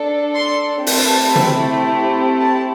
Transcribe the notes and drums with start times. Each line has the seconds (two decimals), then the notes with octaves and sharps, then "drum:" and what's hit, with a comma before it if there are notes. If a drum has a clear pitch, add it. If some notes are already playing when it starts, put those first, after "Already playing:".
Already playing: D4 A4
0.36 C6
0.87 A3 C4 E4 G4 A5, drum: open hi-hat
1.36 drum: tom
2.41 A5